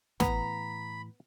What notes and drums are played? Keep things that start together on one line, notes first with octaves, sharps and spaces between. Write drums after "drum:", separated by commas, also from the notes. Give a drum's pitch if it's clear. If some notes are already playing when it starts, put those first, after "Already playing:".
A2 E3 B3 A#5 B5, drum: snare